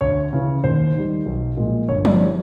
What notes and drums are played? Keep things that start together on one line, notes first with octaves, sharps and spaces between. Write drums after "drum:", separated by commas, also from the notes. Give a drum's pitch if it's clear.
D2 C#5
C#3 E3
D#2 C5
D#3 G3
B1
A#2 F3 G#3
G1 C#5
D5, drum: tom F3
E3 G3 C#5